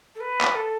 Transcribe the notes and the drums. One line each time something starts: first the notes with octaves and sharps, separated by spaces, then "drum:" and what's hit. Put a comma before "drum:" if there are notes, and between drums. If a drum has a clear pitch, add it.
A4
B4
drum: clap
A4